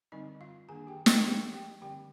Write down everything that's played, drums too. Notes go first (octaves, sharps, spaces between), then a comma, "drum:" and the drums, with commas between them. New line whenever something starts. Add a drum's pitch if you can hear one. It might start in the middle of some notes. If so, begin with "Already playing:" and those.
D3 G3 C4 D#4 D#5
F4 F5
D#3 A#3 D4 G#4 G#5
G4 G5
G4 G5, drum: snare
F3 A#3 D4 G4 G5
G4 G5
D3 G3 C4 G4 G5